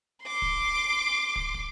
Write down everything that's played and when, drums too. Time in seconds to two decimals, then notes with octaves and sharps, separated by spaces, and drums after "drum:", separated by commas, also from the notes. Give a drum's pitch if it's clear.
0.23 C6 D6
0.42 drum: kick
1.36 drum: kick
1.54 drum: kick